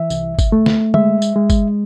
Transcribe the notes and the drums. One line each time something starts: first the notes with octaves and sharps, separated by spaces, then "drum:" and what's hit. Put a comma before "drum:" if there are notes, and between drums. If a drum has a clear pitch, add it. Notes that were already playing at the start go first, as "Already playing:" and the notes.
Already playing: E3 E5
C2, drum: tambourine
drum: kick G1, tambourine
A3
drum: snare
G#3 E5, drum: tom
drum: tambourine
G#3
drum: kick G1, tambourine